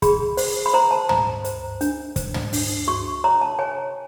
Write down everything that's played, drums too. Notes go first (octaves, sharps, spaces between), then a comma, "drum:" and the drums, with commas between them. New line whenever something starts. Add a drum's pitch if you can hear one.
G#4 B5, drum: kick, hi-hat
C5, drum: open hi-hat
B5
C5 A#5
A5
C5 A#5, drum: tom
C5, drum: hi-hat
D4, drum: hi-hat
C5, drum: kick, hi-hat
drum: tom
D4, drum: open hi-hat
F#4 C#6
C#5 A#5
A5
C#5 G#5